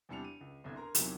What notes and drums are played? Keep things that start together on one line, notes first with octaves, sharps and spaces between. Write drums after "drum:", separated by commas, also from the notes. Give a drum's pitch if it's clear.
E2 C3 G3 D4 C#7 F7
D#7
C#2
G1 C2 G#6
A#4 A#5 C6
E2 C3 D#3 F#3, drum: hi-hat